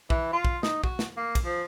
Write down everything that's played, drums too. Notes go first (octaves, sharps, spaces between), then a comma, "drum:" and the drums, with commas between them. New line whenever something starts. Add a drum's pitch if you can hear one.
E3, drum: kick
F4
drum: kick
D#4, drum: snare
F#4, drum: kick
drum: snare
A#3
drum: kick, cymbal
F3